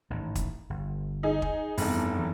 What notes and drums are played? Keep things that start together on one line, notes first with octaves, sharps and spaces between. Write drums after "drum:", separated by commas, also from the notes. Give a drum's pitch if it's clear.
A1 G#2 D#3
drum: kick, hi-hat
G1
D#4 G#4
drum: kick
F1 E2 G2, drum: open hi-hat
E3 F#3